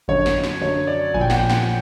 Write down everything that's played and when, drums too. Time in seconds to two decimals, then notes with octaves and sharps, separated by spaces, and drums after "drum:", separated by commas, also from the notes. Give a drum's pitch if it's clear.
0.08 F#2 D3 F#3 C#5, drum: kick G#1
0.26 drum: snare
0.44 drum: snare
0.61 F#2 D3 F#3 C#5
0.87 D5
1.14 A#2 F3 G#5, drum: kick G#1
1.21 G5
1.30 F#5, drum: snare
1.37 G5
1.50 drum: snare